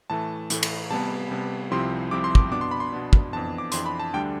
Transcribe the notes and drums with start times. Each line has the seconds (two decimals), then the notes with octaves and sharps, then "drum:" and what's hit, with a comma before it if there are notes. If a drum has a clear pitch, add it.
0.10 A2 E3 A3 A5
0.50 A2 E3 A3, drum: hi-hat
0.63 drum: cymbal
0.90 C3 G3 B3 A5
1.31 C3 G3 B3
1.71 C2 C3 F3 C4 E4 C6
2.11 C2 C3 F3 C4 E4 D6
2.24 C6
2.35 D6, drum: kick
2.52 B2 B3 D4 D6
2.61 C6
2.71 B5
2.80 C6
2.92 B2 B3 D4
3.13 drum: kick
3.33 F2 E3 B3 D4 A5
3.58 D6
3.72 F2 E3 B3 D4 C6, drum: hi-hat
3.86 B5
4.00 A5
4.13 D2 D3 G3 D4 G5